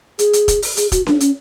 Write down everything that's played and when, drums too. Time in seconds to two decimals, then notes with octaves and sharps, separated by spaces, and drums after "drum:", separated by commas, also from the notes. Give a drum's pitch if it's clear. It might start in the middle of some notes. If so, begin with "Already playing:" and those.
0.19 G#4, drum: hi-hat
0.33 drum: hi-hat
0.48 drum: kick, hi-hat
0.62 drum: open hi-hat
0.77 G#4, drum: hi-hat
0.92 F#4, drum: kick, hi-hat
1.06 D4, drum: snare C#4
1.20 C#4, drum: hi-hat